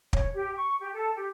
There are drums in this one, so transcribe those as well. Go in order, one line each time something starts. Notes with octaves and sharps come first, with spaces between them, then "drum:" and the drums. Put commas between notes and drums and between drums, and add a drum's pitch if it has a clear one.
C#5, drum: kick
G4
C#6
G4
A4
G4